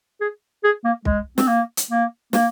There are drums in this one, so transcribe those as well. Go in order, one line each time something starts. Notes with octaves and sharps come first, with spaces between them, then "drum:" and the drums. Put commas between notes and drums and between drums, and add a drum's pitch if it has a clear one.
G#4
G#4
A#3
G#3, drum: kick
C4, drum: snare
A#3
drum: hi-hat
A#3
A#3, drum: snare